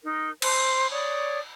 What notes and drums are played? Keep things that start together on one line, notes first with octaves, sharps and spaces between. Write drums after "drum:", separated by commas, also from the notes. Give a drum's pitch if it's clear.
D#4 A#4
C5, drum: cymbal
C#5 D5 D#6